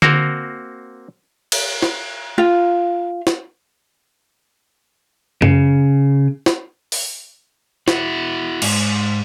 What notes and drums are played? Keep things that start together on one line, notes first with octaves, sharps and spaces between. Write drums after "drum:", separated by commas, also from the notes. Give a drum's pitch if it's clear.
A#3 C4 F#4 A#4, drum: tom D3
drum: cymbal
drum: snare
F4
drum: snare
C#3, drum: tom F#2
drum: snare
drum: open hi-hat
E4 F#4, drum: snare
G#2, drum: cymbal